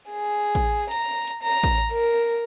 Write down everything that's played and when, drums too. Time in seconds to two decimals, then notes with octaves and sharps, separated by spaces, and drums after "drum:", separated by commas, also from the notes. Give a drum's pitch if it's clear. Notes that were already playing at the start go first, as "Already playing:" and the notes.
0.11 G#4
0.55 drum: kick A1, hi-hat
0.91 A#5, drum: hi-hat
1.27 drum: hi-hat
1.44 A#5
1.63 drum: kick A1, hi-hat
1.93 A#4